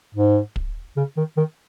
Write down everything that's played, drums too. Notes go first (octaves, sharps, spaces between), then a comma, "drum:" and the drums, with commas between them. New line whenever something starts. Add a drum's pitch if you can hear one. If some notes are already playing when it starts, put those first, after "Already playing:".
G#2
drum: kick
C#3
D#3
D#3